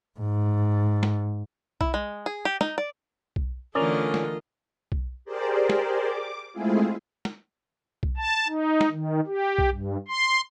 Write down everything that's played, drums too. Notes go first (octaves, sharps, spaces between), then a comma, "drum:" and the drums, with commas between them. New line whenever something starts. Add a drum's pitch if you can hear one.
G#2
drum: snare
E4, drum: kick B1
G#3
G#4
G4
D#4, drum: snare
D5
drum: kick B1
D3 E3 A3 C#4 F4 A#4 D5 D#5
drum: snare
drum: kick B1
G4 G#4 A#4 C5 D5
drum: snare
D6
G#3 A3 C4 E4 F4 G#4
drum: snare
drum: kick B1
A5
D#4
drum: snare
D#3
G4
drum: kick B1
G2
C6